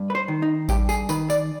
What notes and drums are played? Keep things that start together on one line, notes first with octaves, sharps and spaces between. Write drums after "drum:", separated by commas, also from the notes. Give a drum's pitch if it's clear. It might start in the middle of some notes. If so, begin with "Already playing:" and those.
Already playing: G2
B4
C5
D#3
D#4
G2 G4, drum: kick A1, tambourine
G#4, drum: tambourine
D#3 B4, drum: tambourine
D5, drum: tambourine